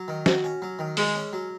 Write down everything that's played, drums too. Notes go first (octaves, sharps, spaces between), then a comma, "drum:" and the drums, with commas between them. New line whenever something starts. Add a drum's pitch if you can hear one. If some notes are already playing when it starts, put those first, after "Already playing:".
Already playing: F#3
D#3
F#4, drum: snare
C#4
F#3
D#3
G#3 G#4, drum: open hi-hat
C#4
F#3